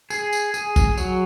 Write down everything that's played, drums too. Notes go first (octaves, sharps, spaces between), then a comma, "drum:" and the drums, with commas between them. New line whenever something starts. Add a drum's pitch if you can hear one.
G#4, drum: tambourine
drum: tambourine
G#4, drum: tambourine
drum: kick, tambourine
F#3, drum: tambourine